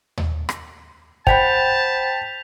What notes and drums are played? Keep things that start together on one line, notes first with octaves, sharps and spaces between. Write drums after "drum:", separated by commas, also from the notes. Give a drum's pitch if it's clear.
drum: tom D#2
drum: rim click
C5 F#5 G5 A5 B5 G6 B6 F7, drum: kick